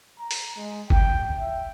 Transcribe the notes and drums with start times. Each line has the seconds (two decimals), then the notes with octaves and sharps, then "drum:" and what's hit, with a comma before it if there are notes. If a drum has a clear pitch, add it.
0.19 A#5
0.31 drum: open hi-hat
0.56 G#3
0.90 G5, drum: kick G1
1.39 E5